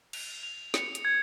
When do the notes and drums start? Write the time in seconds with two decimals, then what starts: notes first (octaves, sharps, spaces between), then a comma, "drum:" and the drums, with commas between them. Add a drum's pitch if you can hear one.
0.13 F7, drum: cymbal
0.43 F7
0.74 C#7, drum: snare
0.95 drum: hi-hat
1.05 G#6